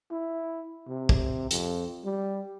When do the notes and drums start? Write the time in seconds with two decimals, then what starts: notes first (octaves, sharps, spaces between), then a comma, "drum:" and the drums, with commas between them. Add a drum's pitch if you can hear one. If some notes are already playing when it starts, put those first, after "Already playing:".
0.11 E4
0.88 C3
1.09 drum: kick
1.51 F2, drum: hi-hat
2.04 G3